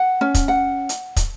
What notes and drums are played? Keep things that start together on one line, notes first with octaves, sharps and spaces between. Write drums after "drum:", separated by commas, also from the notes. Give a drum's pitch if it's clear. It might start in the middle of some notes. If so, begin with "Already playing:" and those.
Already playing: F#5
C#4
drum: kick, hi-hat
F#5
drum: hi-hat
drum: kick, hi-hat